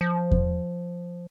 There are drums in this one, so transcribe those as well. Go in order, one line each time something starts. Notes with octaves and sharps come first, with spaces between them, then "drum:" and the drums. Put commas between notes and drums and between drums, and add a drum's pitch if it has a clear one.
F3
drum: kick E2